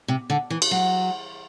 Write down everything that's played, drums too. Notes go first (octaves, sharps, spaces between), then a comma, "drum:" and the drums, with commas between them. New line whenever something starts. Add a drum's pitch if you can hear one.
C3
D3
E3
drum: cymbal
F#3